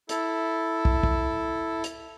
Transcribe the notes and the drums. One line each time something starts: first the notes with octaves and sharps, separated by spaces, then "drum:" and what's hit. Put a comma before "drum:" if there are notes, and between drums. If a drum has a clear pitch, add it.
E4 A4, drum: hi-hat
drum: kick
drum: kick
drum: hi-hat